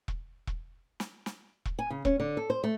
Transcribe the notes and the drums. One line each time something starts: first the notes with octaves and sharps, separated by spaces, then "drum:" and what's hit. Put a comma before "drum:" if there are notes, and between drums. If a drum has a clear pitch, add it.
drum: kick E1
drum: kick E1
drum: snare
drum: snare
drum: kick E1
G#5
C#3
C#4, drum: kick E1
D3
A4
C5
A3